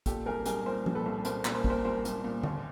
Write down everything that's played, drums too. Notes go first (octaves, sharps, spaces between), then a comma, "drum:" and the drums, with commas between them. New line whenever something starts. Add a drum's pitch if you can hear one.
A#2 G4 A4, drum: kick, hi-hat
C2 G#4 A#4
C2 G#4 A#4, drum: hi-hat
A#2 A#4 C5
A#2, drum: tom F3
A4 B4
C2
C2 A#4 C5, drum: hi-hat
A#2, drum: clap
A#4 C5
A#2, drum: kick
A#4 C5
C2 A#4 C5
C2, drum: hi-hat
A#2
D#2, drum: tom